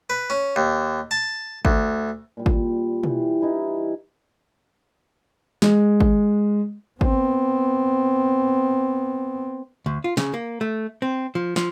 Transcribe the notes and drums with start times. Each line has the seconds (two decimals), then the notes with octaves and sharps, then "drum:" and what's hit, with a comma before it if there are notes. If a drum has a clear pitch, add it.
0.10 B4
0.30 C#4
0.56 D#2
1.11 A5
1.65 D2, drum: kick G#1
2.37 A#2 G3
2.46 drum: kick G#1
3.03 E3 G4, drum: tom B2
3.41 E3 D#4 E4 G4
5.62 G#3, drum: snare
6.01 drum: kick G#1
7.01 B3 C4, drum: kick G#1
9.86 D2
10.04 F4
10.17 C#3, drum: snare
10.34 A#3
10.61 A3
11.02 C4
11.35 F3
11.56 F3, drum: snare